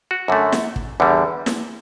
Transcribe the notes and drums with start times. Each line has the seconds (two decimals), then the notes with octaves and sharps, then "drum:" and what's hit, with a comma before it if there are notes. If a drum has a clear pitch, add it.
0.11 F#4
0.28 F#2 D3 A3
0.52 drum: snare
0.76 drum: kick
1.00 E2 D3 G3
1.46 drum: snare